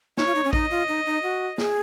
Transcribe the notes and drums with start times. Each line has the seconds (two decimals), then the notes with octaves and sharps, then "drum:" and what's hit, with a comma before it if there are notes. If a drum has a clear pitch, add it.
0.17 D#4 C#5, drum: snare
0.26 F4
0.35 D#4
0.44 C#4
0.53 D#4 D#5, drum: kick A1
0.71 F4
0.88 D#4
1.06 D#4
1.23 F#4
1.58 G#4, drum: snare